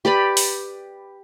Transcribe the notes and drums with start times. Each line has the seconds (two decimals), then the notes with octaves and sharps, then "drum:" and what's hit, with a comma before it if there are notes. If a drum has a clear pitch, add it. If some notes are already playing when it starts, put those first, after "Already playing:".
0.05 G4 B4 D5 B5
0.37 drum: open hi-hat